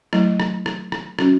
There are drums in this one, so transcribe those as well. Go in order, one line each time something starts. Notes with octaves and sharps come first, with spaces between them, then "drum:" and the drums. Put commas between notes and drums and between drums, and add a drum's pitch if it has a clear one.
F#3 A3 E4, drum: rim click
drum: rim click
drum: rim click
drum: rim click
F#3 C#4 F#4, drum: rim click